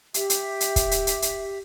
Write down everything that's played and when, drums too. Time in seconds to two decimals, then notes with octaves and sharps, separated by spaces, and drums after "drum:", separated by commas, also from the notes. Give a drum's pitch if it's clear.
0.14 G4 E5, drum: hi-hat
0.30 drum: hi-hat
0.61 drum: hi-hat
0.76 drum: kick, hi-hat
0.91 drum: hi-hat
1.07 drum: hi-hat
1.22 drum: hi-hat